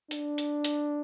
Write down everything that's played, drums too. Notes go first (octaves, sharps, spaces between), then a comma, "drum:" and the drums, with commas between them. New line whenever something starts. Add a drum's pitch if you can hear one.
D4, drum: hi-hat
drum: hi-hat
drum: hi-hat